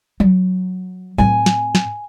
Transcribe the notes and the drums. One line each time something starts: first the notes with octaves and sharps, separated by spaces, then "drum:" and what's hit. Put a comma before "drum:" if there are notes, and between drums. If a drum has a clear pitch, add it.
F#3, drum: tom F#3
A2 C4 G#5, drum: tom F#3
drum: snare
drum: snare